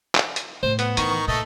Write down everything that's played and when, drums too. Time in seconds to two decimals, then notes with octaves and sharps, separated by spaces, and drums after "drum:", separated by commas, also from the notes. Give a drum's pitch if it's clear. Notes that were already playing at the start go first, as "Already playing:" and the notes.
0.15 drum: clap
0.36 drum: hi-hat
0.63 A2 C5
0.79 B3, drum: hi-hat
0.97 D#3 E3 A#5 C#6, drum: hi-hat
1.28 A#2 A3 A4 D#5